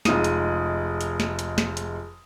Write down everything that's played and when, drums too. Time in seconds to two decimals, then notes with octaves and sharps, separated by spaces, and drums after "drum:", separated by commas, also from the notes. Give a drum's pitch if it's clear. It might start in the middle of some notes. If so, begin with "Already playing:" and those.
0.05 F1 G#3 D#4 F4 D#6 D#7, drum: snare
0.24 drum: hi-hat
1.01 drum: hi-hat
1.20 drum: snare
1.39 drum: hi-hat
1.58 drum: snare
1.77 drum: hi-hat